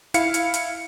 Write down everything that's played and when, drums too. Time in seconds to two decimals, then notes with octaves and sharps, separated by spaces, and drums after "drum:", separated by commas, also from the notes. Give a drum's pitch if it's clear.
0.14 E4 F5 C#7, drum: hi-hat
0.34 drum: hi-hat
0.54 drum: hi-hat